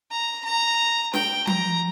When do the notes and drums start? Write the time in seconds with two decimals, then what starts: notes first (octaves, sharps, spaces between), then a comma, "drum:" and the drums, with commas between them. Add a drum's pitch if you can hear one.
0.11 A#5
0.45 A#5
1.14 G5, drum: snare
1.47 A#5, drum: tom F3